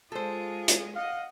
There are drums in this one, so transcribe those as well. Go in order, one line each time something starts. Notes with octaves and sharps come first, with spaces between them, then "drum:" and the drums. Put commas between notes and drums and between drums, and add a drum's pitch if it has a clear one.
G#3 F4 G#4 A4 C5
drum: hi-hat
D#5 F5 F#5